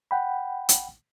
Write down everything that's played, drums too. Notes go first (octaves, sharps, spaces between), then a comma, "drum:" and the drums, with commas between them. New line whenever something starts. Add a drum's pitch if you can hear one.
F#5 G5 B5
drum: hi-hat